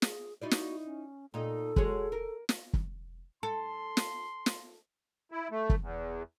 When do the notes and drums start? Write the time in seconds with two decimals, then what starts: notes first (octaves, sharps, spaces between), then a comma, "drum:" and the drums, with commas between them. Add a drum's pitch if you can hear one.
0.02 G#4, drum: snare
0.42 D#4 E4 F#4 D5
0.51 drum: snare
0.86 C#4
1.34 A#2 D#4 A4
1.76 G#3 F#4 C#5, drum: kick
2.12 A#4
2.49 drum: snare
2.73 drum: kick
3.43 A4 C6
3.97 drum: snare
4.46 drum: snare
5.32 E4
5.51 A3
5.69 drum: kick
5.81 E2